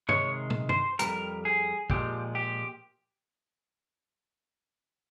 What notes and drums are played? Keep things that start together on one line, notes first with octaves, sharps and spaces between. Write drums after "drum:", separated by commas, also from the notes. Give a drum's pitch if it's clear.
C3 D#3 G#3 C#5, drum: tom G2
drum: tom
C5, drum: tom G2
F2 C3 G3 A#4, drum: hi-hat
G#4
A#2 F3 G#3 G4, drum: kick
G4